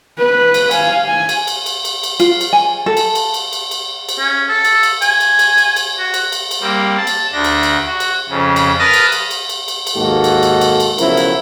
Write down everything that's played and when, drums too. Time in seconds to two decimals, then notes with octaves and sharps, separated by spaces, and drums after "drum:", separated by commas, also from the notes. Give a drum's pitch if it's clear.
0.18 B4
0.54 drum: cymbal
0.71 F5 G#5, drum: cymbal
1.06 G#5
1.29 drum: cymbal
1.48 drum: cymbal
1.66 drum: cymbal
1.85 drum: cymbal
2.03 drum: cymbal
2.20 F4, drum: cymbal
2.41 drum: cymbal
2.53 G#5
2.86 A4
2.97 drum: cymbal
3.15 drum: cymbal
3.34 drum: cymbal
3.53 drum: cymbal
3.71 drum: cymbal
4.09 drum: cymbal
4.19 C#4
4.49 A4
4.65 drum: cymbal
4.83 drum: cymbal
5.02 G#5, drum: cymbal
5.20 drum: cymbal
5.39 drum: cymbal
5.58 drum: cymbal
5.76 drum: cymbal
5.99 F#4
6.14 drum: cymbal
6.32 drum: cymbal
6.51 drum: cymbal
6.61 G3 A#3 C4
6.97 A5
7.07 drum: cymbal
7.32 D2 D4 A#6
7.44 drum: cymbal
7.63 drum: cymbal
7.86 F#4
8.00 drum: cymbal
8.29 F2 C#3
8.56 drum: cymbal
8.79 A#4 B4 A5 D#6 F6 A#6
8.93 drum: cymbal
9.12 drum: cymbal
9.31 drum: cymbal
9.49 drum: cymbal
9.68 drum: cymbal
9.87 drum: cymbal
9.97 D#2 G#2 G#3 A#3 F#4 A4
10.24 drum: cymbal
10.43 drum: cymbal
10.61 drum: cymbal
10.80 drum: cymbal
10.98 B1 C#3 F3 F#3 E4 A#4, drum: cymbal
11.17 drum: cymbal